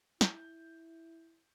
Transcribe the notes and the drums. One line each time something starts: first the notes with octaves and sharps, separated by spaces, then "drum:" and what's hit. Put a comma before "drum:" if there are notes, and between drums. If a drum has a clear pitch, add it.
E4 G6, drum: snare